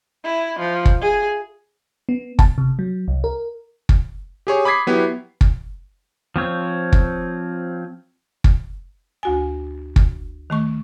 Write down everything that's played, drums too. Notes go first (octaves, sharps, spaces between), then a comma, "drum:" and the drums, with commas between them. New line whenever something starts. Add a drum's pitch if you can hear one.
E4
F3
drum: kick
G#4
B3
A5, drum: kick
C3
F#3
C2
A#4
drum: kick
G4 G#4 C#5
B5 D6 D#6 G#6 B6 C7
F#3 B3 E4 G4
drum: kick
F3 C4 C#5
drum: kick
drum: kick
D2 F#4 G#5
drum: kick
D#3 A3 C#6